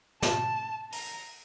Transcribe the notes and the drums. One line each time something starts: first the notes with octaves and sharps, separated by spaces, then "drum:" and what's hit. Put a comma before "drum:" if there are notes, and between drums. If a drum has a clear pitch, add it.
A5, drum: snare
A#5, drum: open hi-hat